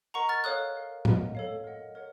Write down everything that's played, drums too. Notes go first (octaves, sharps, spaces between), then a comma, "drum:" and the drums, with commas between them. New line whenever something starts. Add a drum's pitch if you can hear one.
A#4 D#5 F#5 A#5 C#6
F6 A6
A4 C#5 F5 D#6 F#6
A#4 F5
A#4 D#5 F#5, drum: tom A2
A4 C#5 F5
A#4 D#5 F#5
A#4 C#5 F#5